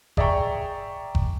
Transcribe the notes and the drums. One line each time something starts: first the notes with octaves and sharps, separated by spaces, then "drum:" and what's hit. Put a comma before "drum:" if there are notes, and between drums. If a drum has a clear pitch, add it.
G#4 D5 E5 G5 A#5 C#6, drum: kick F#1
drum: kick F#1